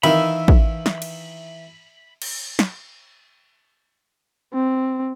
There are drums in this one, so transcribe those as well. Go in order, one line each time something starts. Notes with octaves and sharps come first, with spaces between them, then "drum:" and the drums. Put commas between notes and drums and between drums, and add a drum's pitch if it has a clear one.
D#3 E3 E5 F5 B5, drum: cymbal
drum: kick
drum: snare
drum: cymbal
drum: cymbal
drum: snare
C4